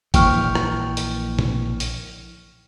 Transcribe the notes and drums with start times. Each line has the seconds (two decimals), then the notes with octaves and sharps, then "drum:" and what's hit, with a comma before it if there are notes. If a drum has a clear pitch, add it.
0.14 A#1 E3 G5 C#6 F6, drum: kick G1, hi-hat
0.55 drum: rim click
0.97 drum: hi-hat
1.39 drum: tom
1.80 drum: hi-hat